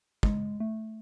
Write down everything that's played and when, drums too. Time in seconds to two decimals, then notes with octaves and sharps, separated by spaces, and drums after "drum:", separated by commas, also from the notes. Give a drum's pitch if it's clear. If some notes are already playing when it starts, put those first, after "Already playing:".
0.23 G#3, drum: kick
0.60 A3